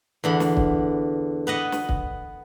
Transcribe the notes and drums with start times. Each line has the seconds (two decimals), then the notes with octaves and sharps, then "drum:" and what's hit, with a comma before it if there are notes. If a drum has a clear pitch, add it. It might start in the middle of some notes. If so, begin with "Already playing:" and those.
0.24 E2 D3 B5
0.40 drum: snare
0.57 drum: kick
1.47 B3 B4 D#5 F#5
1.72 drum: snare
1.89 drum: kick